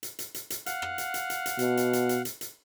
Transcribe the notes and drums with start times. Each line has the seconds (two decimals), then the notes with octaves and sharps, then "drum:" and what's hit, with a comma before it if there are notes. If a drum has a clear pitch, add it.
0.03 drum: hi-hat
0.19 drum: hi-hat
0.34 drum: hi-hat
0.50 drum: hi-hat
0.66 F5 F#5, drum: hi-hat
0.82 drum: rim click
0.98 drum: hi-hat
1.14 drum: hi-hat
1.30 drum: hi-hat
1.46 drum: hi-hat
1.59 B2, drum: hi-hat
1.77 drum: hi-hat
1.93 drum: hi-hat
2.09 drum: hi-hat
2.25 drum: hi-hat
2.41 drum: hi-hat